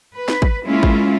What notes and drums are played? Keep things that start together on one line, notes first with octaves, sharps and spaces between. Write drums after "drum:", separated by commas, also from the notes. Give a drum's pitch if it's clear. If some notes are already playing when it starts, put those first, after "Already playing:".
B4
drum: snare
drum: kick
G#3 A#3 C#4 E4 F4
drum: kick